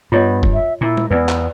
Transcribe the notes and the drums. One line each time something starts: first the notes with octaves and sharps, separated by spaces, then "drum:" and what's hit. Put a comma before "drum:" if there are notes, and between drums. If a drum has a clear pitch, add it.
G2 B3 F4 C#5 D#5
drum: kick F1
E5
A#2 E4
drum: tom G#3
E2 B3 B4 D5
drum: clap